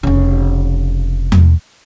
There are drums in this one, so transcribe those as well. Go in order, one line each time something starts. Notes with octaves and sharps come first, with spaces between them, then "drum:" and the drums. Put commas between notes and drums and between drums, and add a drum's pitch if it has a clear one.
F1 C#3
drum: tom E2